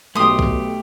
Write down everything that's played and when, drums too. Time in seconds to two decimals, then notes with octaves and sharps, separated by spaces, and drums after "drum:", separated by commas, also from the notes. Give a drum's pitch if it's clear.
0.15 B1 A3 G4 C6 D#6
0.39 drum: kick B1